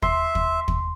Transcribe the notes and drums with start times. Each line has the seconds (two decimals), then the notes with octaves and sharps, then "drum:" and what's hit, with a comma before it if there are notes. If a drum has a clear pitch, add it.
0.02 E5 C6, drum: kick
0.35 drum: kick
0.68 drum: kick